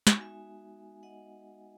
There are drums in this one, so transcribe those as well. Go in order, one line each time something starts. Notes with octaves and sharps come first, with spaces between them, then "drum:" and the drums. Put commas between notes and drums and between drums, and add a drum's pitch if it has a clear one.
G#3 B3 D#4 F#4 G#5, drum: snare
E5 G#5
D#5 F#5